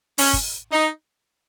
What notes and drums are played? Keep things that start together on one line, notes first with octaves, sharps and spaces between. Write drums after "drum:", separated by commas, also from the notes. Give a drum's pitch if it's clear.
C#4, drum: open hi-hat
drum: kick
D#4